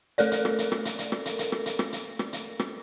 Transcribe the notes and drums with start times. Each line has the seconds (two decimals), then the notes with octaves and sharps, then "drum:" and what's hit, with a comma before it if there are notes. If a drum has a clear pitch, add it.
0.18 A3 A4 A#4 D5, drum: hi-hat
0.31 drum: hi-hat
0.45 drum: rim click
0.58 drum: hi-hat
0.72 drum: rim click
0.85 drum: hi-hat
0.99 drum: hi-hat
1.12 drum: rim click
1.25 drum: hi-hat
1.39 drum: hi-hat
1.52 drum: rim click
1.66 drum: hi-hat
1.79 drum: rim click
1.92 drum: hi-hat
2.19 drum: rim click
2.33 drum: hi-hat
2.59 drum: rim click